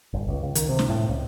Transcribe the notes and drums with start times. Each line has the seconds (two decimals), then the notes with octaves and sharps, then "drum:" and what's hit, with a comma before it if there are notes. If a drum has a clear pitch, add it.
0.13 G1
0.28 C#2
0.43 C#2
0.55 D#3, drum: hi-hat
0.69 C3
0.79 drum: snare
0.89 A2
1.09 C#2